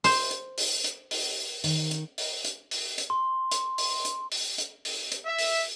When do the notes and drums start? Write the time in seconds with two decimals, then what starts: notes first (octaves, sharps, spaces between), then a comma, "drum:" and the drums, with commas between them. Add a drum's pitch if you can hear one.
0.04 C5, drum: open hi-hat
0.31 drum: hi-hat
0.58 drum: open hi-hat
0.84 drum: hi-hat
1.11 drum: open hi-hat
1.64 D#3, drum: open hi-hat
1.91 drum: hi-hat
2.18 drum: open hi-hat
2.45 drum: hi-hat
2.71 drum: open hi-hat
2.98 drum: hi-hat
3.10 C6
3.51 drum: hi-hat
3.78 drum: open hi-hat
4.05 drum: hi-hat
4.32 drum: open hi-hat
4.58 drum: hi-hat
4.85 drum: open hi-hat
5.12 drum: hi-hat
5.26 E5
5.38 drum: open hi-hat